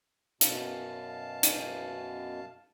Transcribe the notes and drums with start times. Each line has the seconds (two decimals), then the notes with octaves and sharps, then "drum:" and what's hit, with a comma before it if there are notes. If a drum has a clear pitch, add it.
0.41 F#2 B2 F5 A5, drum: hi-hat
1.43 drum: hi-hat